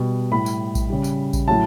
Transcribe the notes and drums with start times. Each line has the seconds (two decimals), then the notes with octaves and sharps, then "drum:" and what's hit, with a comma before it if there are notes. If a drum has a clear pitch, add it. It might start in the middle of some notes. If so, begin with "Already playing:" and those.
Already playing: B2 G3
0.32 A2 G3 B5
0.46 drum: tambourine
0.75 drum: kick A1, tambourine
0.90 C#3 G3
1.04 drum: tambourine
1.33 drum: kick A1, tambourine
1.48 A2 F#3 A5